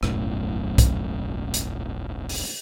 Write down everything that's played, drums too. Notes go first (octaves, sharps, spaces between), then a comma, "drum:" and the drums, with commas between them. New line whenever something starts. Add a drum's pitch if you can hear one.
E1 B1 F#2 A2, drum: rim click
drum: kick B1, hi-hat
drum: hi-hat
drum: open hi-hat